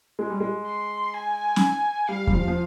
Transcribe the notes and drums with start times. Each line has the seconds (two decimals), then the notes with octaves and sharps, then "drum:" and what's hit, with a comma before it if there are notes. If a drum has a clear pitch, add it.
0.19 G#3
0.30 G3
0.40 G#3
0.66 C6
1.14 G#5
1.56 drum: snare
2.08 G3 F5
2.27 G3, drum: kick E2
2.32 F3
2.48 F3